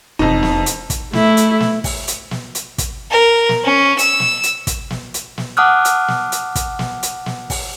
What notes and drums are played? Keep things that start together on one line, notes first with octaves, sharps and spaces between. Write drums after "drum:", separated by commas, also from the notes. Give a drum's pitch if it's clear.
E1 F2 D#4
drum: snare
drum: hi-hat
drum: kick, hi-hat
A3 E4, drum: snare
drum: hi-hat
drum: snare
drum: kick, open hi-hat
drum: hi-hat
drum: snare
drum: hi-hat
drum: kick, hi-hat
A#4
drum: snare
C#4
E6, drum: hi-hat
drum: snare
drum: hi-hat
drum: kick, hi-hat
drum: snare
drum: hi-hat
drum: snare
F#5 A5 D6 D#6 F6 F#6
drum: hi-hat
drum: snare
drum: hi-hat
drum: kick, hi-hat
drum: snare
drum: hi-hat
drum: snare
drum: kick, open hi-hat